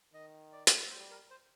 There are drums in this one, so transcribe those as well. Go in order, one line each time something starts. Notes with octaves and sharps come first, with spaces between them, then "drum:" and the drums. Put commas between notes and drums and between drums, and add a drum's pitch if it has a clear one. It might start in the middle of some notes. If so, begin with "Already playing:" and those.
D#3 D#5
D5
drum: hi-hat
G3 C5
A#4
C5